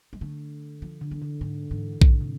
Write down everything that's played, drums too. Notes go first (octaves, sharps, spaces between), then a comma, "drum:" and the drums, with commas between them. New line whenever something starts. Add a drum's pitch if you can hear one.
G#3
D3 A3
F3
D3
E3
D3
G#2 D3
G#2 E3
G#2 D3, drum: kick A#1
C3